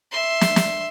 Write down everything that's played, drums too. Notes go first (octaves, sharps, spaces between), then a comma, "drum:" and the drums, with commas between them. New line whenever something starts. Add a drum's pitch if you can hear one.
E5 C6
drum: snare
drum: snare